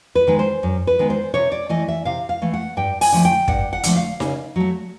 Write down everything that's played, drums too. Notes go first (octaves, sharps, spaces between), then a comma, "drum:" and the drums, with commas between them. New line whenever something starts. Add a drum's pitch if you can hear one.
B4
D#3 G#3 B3
C5
F#2
B4
D#3 G#3 B3
C5
C3 C#5
D5
E3 A3 D#5
E5
C3 F5
F5
E3 A3
F#5
G2 G5
G#5, drum: open hi-hat
D3 F3 A3
G5
G2 F#5, drum: kick
F#5
D3 F3 A3, drum: hi-hat
F5
C#3, drum: snare D#4
F#3 A3